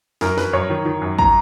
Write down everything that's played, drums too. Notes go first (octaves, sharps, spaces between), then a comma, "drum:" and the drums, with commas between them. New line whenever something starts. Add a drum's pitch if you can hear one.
F#2 A#4, drum: snare
F#2 B4, drum: snare
F#2 C#5
D#3
D#3
F#2
A#5, drum: kick